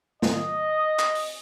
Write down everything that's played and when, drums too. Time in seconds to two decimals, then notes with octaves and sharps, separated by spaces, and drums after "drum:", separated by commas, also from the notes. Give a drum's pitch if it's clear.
0.22 D#5, drum: snare
0.99 drum: clap
1.15 drum: open hi-hat